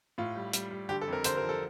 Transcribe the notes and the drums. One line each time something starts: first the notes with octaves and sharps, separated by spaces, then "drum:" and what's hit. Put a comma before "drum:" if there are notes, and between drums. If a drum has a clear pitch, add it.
A2 F4
G3
G3, drum: hi-hat
G3
D3 G4
A4
F2 A#4
D3 C5, drum: hi-hat
A#4
F3
A4